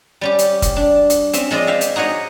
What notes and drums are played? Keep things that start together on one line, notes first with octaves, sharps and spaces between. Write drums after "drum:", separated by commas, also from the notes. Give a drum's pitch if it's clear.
G3 C#4 G4
drum: hi-hat
drum: kick, hi-hat
D4
drum: hi-hat
C4 C#4 E5, drum: hi-hat
F3 G#3 C4 D5 D#5
E5 F5 G5
drum: hi-hat
D#4 F#4 G#4 C#5 D#5